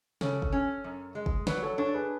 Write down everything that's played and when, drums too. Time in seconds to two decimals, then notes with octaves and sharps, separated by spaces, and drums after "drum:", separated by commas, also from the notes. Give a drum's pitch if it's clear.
0.21 C#3 A4 C#5, drum: snare
0.42 drum: kick
0.52 C#4
0.84 F#2
1.15 G#3
1.26 drum: kick
1.47 F#3 B4 D5, drum: snare
1.63 A4 C#5
1.78 D4 A4 C#5
1.94 G#4 B4